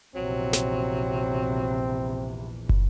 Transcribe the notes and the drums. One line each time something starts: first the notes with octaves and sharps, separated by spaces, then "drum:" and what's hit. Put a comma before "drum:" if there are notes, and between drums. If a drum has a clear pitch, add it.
A#1 E2 C3 F#3 C4
drum: snare
drum: kick